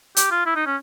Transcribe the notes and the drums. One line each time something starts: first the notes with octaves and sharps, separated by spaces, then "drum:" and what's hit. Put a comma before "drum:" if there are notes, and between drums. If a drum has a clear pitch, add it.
G4, drum: hi-hat
F4
E4
D#4
C#4